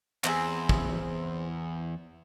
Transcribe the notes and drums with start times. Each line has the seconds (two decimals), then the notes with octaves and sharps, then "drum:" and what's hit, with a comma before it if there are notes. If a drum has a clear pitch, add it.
0.24 E2 C4 D4 G#4, drum: clap
0.69 drum: kick